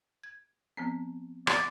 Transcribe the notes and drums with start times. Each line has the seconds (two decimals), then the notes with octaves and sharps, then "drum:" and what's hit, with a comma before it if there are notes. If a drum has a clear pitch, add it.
0.24 G#6
0.77 F3 B3 C4
1.47 D5, drum: rim click